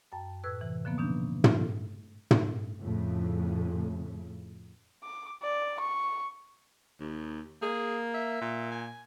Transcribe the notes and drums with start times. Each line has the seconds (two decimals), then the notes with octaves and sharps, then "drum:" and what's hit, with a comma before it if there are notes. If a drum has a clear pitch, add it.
0.12 F#2 G5 A5
0.44 A2 B4 E6 F#6 G#6
0.61 C3 E3
0.85 D3 F3 A#3 B3
0.98 B2 F3 C#4 D4 G6
1.44 D3 E3 F#3 F4 A4, drum: tom
2.31 drum: tom
2.81 F2 A2 C#3 A3
5.04 D6
5.42 D5
5.79 C#6
7.00 D#2
7.62 A#3 G#4
8.14 E5
8.41 A#2
8.72 G#5